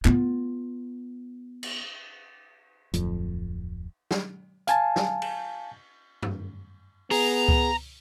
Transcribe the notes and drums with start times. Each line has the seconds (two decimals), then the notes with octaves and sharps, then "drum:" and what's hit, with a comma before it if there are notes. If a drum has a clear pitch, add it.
0.05 B3 F4, drum: clap
1.63 drum: cymbal
2.93 D1 F2, drum: hi-hat
4.11 drum: snare
4.67 F5 G#5 A5, drum: hi-hat
4.96 drum: snare
5.22 drum: cymbal
6.22 drum: tom F#2
7.11 B3 G#4 A#5, drum: open hi-hat
7.49 drum: kick C#2